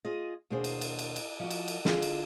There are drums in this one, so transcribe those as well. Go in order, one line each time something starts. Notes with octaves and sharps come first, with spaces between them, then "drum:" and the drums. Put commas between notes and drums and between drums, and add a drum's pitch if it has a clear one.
F4 G#4 D#5
D#2 B2 A#3 D4 G#4 C5
drum: cymbal
drum: cymbal
drum: cymbal
drum: cymbal
F3 F#4
drum: cymbal
drum: cymbal
D3 F4 G#4, drum: snare
drum: cymbal